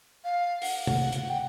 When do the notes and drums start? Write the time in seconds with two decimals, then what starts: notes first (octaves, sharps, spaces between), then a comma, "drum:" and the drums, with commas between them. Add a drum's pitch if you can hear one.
0.24 F5
0.62 F#5, drum: open hi-hat
0.87 drum: tom
0.99 F#5
1.12 drum: hi-hat
1.29 G5